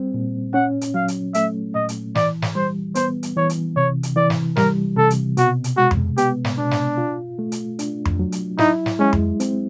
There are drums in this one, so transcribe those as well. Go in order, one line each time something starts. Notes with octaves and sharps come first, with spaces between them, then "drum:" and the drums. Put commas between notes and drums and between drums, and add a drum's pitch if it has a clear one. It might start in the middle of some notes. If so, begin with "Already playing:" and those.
Already playing: G3 C4
A#2
C#4 F#5
drum: hi-hat
F#3 F5
drum: hi-hat
A3 E5, drum: hi-hat
A#2 D#5
drum: hi-hat
E3 D5, drum: snare
drum: snare
G3 C5
B3 C5, drum: hi-hat
drum: hi-hat
E3 C#5
drum: hi-hat
C3 C#5
drum: hi-hat
E3 D5
drum: snare
G3 A#4, drum: snare
C3 A4
drum: hi-hat
B2 F#4, drum: hi-hat
drum: hi-hat
G#3 F#4
drum: tom F2
B3 G4, drum: hi-hat
drum: snare
B2 D4
drum: snare
F4
A3
drum: hi-hat
D4, drum: hi-hat
drum: tom F2
F#3
drum: hi-hat
D#4 E4, drum: snare
drum: snare
G#3 C#4
drum: tom F2
C4, drum: hi-hat